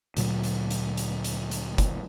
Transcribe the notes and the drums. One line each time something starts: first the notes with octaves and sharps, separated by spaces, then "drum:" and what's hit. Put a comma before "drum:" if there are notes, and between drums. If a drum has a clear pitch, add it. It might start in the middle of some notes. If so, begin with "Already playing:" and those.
D2 A#2 F#3, drum: hi-hat
drum: hi-hat
drum: hi-hat
drum: hi-hat
drum: hi-hat
drum: hi-hat
drum: kick, hi-hat